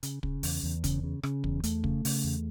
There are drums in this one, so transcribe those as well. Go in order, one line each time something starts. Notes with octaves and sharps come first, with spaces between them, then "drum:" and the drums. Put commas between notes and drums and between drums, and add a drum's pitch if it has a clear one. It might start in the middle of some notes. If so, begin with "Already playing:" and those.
C#3, drum: hi-hat
C#3, drum: kick
E2, drum: open hi-hat
E2
C#3, drum: kick, hi-hat
C#3
C#3, drum: rim click
E2, drum: kick
E2 A3, drum: hi-hat
C#3, drum: kick
C#3, drum: open hi-hat
E2